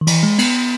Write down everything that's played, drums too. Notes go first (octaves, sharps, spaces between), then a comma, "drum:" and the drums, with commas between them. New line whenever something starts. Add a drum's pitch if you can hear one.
D#3
E3, drum: cymbal
G#3
B3, drum: cymbal